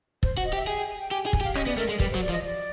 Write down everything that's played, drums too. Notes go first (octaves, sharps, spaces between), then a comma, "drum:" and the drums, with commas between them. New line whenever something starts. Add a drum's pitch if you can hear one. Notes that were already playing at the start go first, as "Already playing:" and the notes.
C5, drum: kick
F#4
D#5
G4
E5
G#4 G5
G5
G#5
G5
G4 G#5
G5
G#4
G#5, drum: kick
G4
F5
C#4 D#5, drum: rim click
B3 D5
A3 A#4
G#3
G3 B4, drum: kick
C5
F#3
D5
F3
D#5
D5